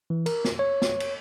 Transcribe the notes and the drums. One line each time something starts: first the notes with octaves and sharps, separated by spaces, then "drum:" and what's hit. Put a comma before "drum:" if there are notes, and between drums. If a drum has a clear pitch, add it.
E3
A#4, drum: cymbal
drum: snare
C#5
drum: snare
drum: cymbal